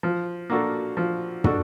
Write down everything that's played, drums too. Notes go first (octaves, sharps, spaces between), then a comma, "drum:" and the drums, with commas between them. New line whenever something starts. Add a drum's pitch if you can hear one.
F3
A#3 D4 F#4 A4
F3
D4 F#4 A4, drum: tom